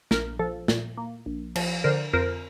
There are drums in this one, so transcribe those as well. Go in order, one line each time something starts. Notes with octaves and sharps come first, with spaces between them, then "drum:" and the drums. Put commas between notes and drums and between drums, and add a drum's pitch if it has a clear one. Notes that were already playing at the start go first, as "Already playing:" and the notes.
A#1 A#4, drum: snare
F3 A4
A#2, drum: snare
A#3
A#1
F3, drum: cymbal
D3 A#4 C5
F2 A#4 C5